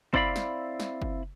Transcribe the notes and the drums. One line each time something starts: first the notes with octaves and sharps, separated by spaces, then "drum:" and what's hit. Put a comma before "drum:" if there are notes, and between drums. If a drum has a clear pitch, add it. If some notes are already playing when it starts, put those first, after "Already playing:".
C4 E4 D5 F5 B5, drum: kick F#1
drum: snare
drum: snare
drum: kick F#1